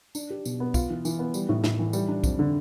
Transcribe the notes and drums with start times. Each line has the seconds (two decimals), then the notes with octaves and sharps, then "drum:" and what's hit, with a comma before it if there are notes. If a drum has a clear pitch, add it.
0.15 D4, drum: tambourine
0.30 G4
0.45 B2, drum: tambourine
0.60 B3
0.74 F4, drum: kick B1, tambourine
0.90 E3
1.05 E3, drum: tambourine
1.19 B3
1.34 G3, drum: tambourine
1.49 A2
1.64 A2, drum: snare
1.79 E3
1.93 G3, drum: tambourine
2.08 D4
2.24 F2, drum: kick B1, tambourine
2.39 D3